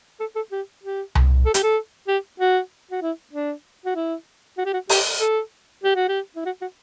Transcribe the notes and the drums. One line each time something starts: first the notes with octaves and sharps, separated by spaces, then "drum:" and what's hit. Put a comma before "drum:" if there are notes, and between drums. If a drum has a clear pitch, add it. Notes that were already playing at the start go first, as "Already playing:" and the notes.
A4
A4
G4
G4
drum: tom C2
A4
G4, drum: hi-hat
A4
G4
F#4
F#4
E4
D4
F#4
E4
F#4
G4
F#4
G4, drum: open hi-hat
A4
G4
F#4
G4
E4
F#4
F#4